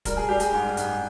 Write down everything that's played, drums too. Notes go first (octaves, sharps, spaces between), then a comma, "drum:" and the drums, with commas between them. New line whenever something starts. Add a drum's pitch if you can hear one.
G3 A#4, drum: kick, hi-hat
G#4
G3 G4
G#4, drum: hi-hat
G#2
G#2, drum: hi-hat